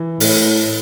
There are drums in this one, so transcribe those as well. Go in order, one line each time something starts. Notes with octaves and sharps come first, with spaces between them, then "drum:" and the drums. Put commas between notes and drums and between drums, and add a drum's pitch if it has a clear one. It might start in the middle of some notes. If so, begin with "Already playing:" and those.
Already playing: E3
A2, drum: open hi-hat